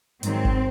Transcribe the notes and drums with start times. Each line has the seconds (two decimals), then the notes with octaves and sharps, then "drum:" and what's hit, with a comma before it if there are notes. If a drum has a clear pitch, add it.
0.23 G#2 D#3 F#3 C4, drum: hi-hat
0.45 drum: kick G1